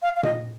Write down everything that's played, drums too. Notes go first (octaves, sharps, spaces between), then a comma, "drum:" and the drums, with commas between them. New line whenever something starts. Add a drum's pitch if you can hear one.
F5
F5
D#5, drum: tom A#2